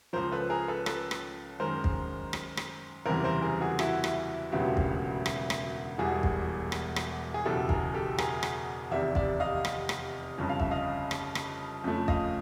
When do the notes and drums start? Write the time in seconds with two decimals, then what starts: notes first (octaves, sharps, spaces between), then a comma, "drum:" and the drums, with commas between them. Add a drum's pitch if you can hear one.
0.13 C#2 C#3 F3 A#4 C5
0.32 A4 B4
0.50 G#4 A#4
0.68 A4 B4
0.86 A4 B4, drum: rim click
1.11 drum: rim click
1.60 F#2 D#3 G#3 A#4 C5
1.84 drum: kick
2.33 drum: rim click
2.57 drum: rim click
3.06 F#1 E2 C3 E3 G3 A#4 C5
3.24 A#4 C5
3.42 G#4 A#4
3.60 F#4 G#4
3.79 E4 F#4, drum: rim click
4.04 drum: rim click
4.52 E1 D2 C#3 F#3 B3 F4 G4
4.77 drum: kick
5.26 drum: rim click
5.50 drum: rim click
5.98 E1 E2 B2 G3 F#4 G#4
6.23 drum: kick
6.72 drum: rim click
6.96 drum: rim click
7.34 G#4
7.44 F#1 E2 B2 G4 A4
7.69 G#4 A#4, drum: kick
7.94 G4 A4
8.18 G#4 A#4, drum: rim click
8.43 drum: rim click
8.91 F1 E2 C3 D#3 D5 E5
9.15 D5 E5, drum: kick
9.40 D#5 F5
9.65 drum: rim click
9.89 drum: rim click
10.38 G1 F2 C#3
10.49 F5
10.60 E5, drum: kick
10.71 D#5 F5
11.11 drum: rim click
11.35 drum: rim click
11.84 F2 C#3 F3 A3
12.08 D#5 F5, drum: kick